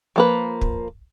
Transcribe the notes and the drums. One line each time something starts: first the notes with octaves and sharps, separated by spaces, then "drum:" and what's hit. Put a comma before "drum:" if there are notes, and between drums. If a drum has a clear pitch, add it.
F3 A#3 B4
drum: kick